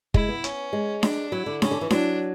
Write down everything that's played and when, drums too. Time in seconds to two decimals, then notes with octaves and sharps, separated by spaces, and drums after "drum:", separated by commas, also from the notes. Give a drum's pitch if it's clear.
0.14 G#3 E4, drum: kick
0.28 B3
0.44 C#4, drum: hi-hat
0.73 G#3
1.03 D4, drum: snare D4
1.32 F#3 E4
1.46 D3
1.62 C#3 C#4, drum: snare D4
1.71 D3
1.81 E3
1.90 F#3 D4, drum: snare D4